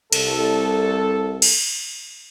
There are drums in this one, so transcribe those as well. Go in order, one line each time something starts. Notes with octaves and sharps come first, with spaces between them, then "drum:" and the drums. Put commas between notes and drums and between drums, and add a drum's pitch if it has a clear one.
C2 A4, drum: cymbal
drum: cymbal